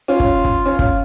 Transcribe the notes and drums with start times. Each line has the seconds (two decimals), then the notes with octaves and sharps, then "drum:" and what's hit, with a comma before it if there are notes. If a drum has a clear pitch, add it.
0.08 C#4 F4
0.20 drum: kick
0.45 drum: kick
0.66 C#4
0.79 drum: kick